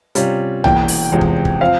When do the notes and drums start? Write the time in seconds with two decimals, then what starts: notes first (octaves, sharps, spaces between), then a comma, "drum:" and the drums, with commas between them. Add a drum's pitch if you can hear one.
0.15 C3 G3 C#4 F4, drum: hi-hat
0.64 E1 E2 E3 A#3 G5, drum: tom B1
0.88 drum: open hi-hat
1.12 F1 E2 C3 F3 G#3
1.21 drum: kick
1.45 drum: kick
1.61 F3 C4 F5